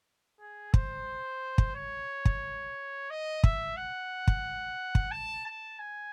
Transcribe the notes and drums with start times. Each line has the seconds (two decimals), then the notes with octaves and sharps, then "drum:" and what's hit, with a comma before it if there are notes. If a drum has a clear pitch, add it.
0.40 G#4
0.74 C5, drum: kick
1.58 drum: kick
1.75 C#5
2.25 drum: kick
3.10 D#5
3.44 E5, drum: kick
3.76 F#5
4.28 drum: kick
4.95 drum: kick
5.11 A5
5.46 A5
5.79 G#5